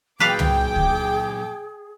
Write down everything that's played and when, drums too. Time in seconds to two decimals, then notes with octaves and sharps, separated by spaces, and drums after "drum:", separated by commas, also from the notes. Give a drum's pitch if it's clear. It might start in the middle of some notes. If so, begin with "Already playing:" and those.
0.20 A#2 F#3 G#4 B4 D5 F5 G5 D6
0.39 drum: tom
0.76 drum: kick